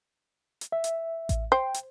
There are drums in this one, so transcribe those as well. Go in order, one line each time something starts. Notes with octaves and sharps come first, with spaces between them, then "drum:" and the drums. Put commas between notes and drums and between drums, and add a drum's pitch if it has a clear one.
drum: hi-hat
E5
drum: hi-hat
drum: kick A1, hi-hat
C5 G5
drum: hi-hat